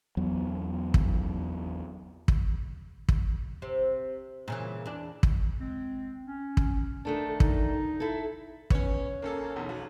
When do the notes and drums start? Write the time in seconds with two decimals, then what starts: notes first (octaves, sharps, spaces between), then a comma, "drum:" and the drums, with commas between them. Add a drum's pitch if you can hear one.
0.17 E2 F#3 B3
0.94 drum: kick
2.28 drum: kick
3.09 drum: kick
3.62 C3
4.48 A#2 C#3 E3
4.86 E2 D4
5.23 drum: kick
5.59 G#3 C4
6.26 C#4
6.57 drum: kick
7.05 D#3 A3 D4 A5
7.40 D#4, drum: kick
8.00 E4 A4
8.70 B3 C#4 C#5, drum: kick
9.22 A#2 C#3 A#3 C#4 A4
9.56 B1 E2
9.69 D#2 A#2 F3 F#4